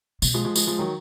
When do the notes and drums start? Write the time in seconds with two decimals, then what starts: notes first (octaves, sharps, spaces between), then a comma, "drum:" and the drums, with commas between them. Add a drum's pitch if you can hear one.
0.22 B2, drum: tambourine
0.34 F3 G#3
0.45 F3 G#3
0.56 F3 G#3, drum: tambourine
0.67 F3 G#3
0.79 D#3 F#3